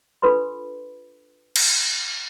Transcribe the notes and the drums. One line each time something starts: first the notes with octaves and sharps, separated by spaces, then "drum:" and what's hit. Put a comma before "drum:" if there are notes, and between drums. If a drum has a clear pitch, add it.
D4 F4 A4 B4 B5 C6
drum: cymbal